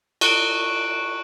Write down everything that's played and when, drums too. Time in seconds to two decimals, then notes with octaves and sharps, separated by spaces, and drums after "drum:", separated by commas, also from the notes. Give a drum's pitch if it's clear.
0.21 C#6 F#6 C#7 D7 F#7, drum: cymbal